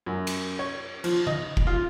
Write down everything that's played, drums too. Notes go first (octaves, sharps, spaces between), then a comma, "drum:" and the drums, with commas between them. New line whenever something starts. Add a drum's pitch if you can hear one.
F#2
drum: cymbal
C#5
F3, drum: cymbal
D#5, drum: tom D3
drum: kick
F4